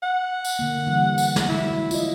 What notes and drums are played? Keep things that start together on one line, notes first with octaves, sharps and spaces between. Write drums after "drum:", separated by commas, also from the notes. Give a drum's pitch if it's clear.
F#5
drum: tambourine
D3 A#3
E3 G3
drum: tambourine
drum: snare
F#3 G#3 E4
F4 D#5, drum: tambourine